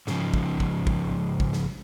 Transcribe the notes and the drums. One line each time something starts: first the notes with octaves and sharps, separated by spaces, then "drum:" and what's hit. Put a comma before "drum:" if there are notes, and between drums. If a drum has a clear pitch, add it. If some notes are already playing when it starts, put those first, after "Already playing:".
G#2 C#3 F3, drum: snare
drum: kick
drum: kick
drum: kick
drum: kick
drum: snare